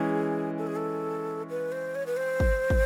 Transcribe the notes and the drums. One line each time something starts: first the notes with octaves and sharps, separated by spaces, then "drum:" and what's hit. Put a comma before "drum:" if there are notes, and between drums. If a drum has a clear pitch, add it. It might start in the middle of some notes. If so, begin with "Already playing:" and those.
Already playing: E3 G#3 C#4 E4 G#4
A4
G#4
A4
B4
C5
C#5
B4
C5
drum: kick
drum: kick